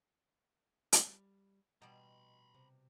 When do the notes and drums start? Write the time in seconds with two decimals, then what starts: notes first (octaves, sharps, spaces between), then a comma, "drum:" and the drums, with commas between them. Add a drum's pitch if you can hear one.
0.93 drum: hi-hat
1.07 G3
1.82 B2 G3 D#5 A#5 B5
2.54 C3